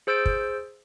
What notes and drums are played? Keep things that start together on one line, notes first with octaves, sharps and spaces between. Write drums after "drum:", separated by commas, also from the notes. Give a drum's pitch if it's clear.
G#4 C5 E6 G6 A6 D7
drum: kick